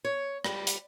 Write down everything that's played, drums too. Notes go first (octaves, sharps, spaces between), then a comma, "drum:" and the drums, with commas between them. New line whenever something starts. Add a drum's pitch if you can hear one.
C#5
G3, drum: rim click
drum: hi-hat